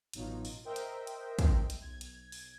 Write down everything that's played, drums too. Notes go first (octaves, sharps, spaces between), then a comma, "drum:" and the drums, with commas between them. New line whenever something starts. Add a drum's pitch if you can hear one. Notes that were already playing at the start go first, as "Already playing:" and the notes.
A1 B2 F#3 D#4 F4, drum: hi-hat
drum: open hi-hat
A#4 C5 D#5 E5 G5
drum: hi-hat
drum: hi-hat
drum: kick, hi-hat
drum: hi-hat
B1 G#6
drum: hi-hat
drum: open hi-hat